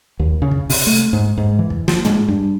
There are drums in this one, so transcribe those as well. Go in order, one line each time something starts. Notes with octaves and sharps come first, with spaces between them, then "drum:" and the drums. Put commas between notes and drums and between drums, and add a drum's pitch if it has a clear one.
D#2
C#3
drum: kick
C3, drum: open hi-hat
A3
G#2
G#2
E3
drum: kick
F3, drum: snare
G#3, drum: tom
G2